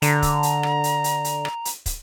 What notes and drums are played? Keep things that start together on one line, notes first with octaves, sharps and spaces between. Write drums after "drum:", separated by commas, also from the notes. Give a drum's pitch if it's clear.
D3 A#5, drum: hi-hat
drum: kick, hi-hat
drum: hi-hat
drum: rim click
drum: hi-hat
drum: hi-hat
drum: hi-hat
drum: rim click
drum: hi-hat
drum: kick, hi-hat